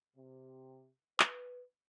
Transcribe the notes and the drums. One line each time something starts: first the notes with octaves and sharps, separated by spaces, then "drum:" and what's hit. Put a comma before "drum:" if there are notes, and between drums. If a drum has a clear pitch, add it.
C3
B4, drum: clap